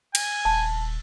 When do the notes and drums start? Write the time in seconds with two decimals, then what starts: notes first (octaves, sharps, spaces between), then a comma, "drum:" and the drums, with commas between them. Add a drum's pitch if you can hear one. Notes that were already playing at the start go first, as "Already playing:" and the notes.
0.15 G#5, drum: cymbal
0.45 D#1 A5